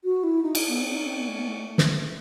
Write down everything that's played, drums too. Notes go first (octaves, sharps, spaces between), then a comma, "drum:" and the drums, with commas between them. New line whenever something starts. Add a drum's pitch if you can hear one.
F#4
E4
D#4
drum: cymbal
B3
C4
D#4
C4
B3
A3
B3
A3
drum: snare